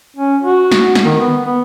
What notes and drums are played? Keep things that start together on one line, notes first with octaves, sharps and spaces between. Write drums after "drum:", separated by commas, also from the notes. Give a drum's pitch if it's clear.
C#4
F#4
drum: snare
drum: snare
D#3
B3
B3